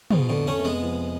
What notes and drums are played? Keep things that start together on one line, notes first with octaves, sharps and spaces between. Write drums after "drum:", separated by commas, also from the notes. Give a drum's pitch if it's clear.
G#2 B2 F3, drum: tom
B2 D3
F1
A3 C#4
F1
G#3 B3
F3